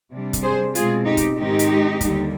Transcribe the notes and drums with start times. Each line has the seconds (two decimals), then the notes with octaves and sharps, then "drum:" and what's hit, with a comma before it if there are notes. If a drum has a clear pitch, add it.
0.12 C3 G3 D4
0.33 drum: kick, hi-hat
0.43 G#4 C5
0.75 B2 G#3 C4 F4 G#4, drum: hi-hat
1.06 D#4 G4
1.17 drum: kick, hi-hat
1.37 G#2 D#3 G#3 C4 D#4 G4
1.59 drum: hi-hat
2.01 D#2 D3 G3, drum: kick, hi-hat